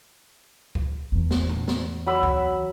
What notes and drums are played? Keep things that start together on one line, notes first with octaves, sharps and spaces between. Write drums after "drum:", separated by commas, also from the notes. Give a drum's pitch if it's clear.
drum: kick
E2
drum: snare
drum: tom A2
drum: snare
F#3 B5 E6
drum: kick